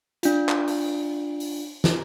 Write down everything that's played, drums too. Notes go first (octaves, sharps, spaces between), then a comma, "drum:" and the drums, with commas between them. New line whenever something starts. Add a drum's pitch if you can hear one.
D4 F4, drum: hi-hat
drum: clap
drum: open hi-hat
drum: open hi-hat
drum: snare